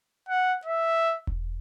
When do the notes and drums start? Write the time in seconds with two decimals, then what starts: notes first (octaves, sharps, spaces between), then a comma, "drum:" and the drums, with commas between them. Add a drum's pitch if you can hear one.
0.29 F#5
0.65 E5
1.27 drum: kick E1